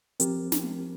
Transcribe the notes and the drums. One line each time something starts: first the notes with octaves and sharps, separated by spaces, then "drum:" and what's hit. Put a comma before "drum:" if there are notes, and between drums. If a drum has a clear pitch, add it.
F3 C4 G4 A#4, drum: hi-hat
drum: snare